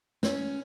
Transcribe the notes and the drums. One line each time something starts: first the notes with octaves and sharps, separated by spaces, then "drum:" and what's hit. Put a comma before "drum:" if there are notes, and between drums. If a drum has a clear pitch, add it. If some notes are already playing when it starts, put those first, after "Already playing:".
C#4, drum: snare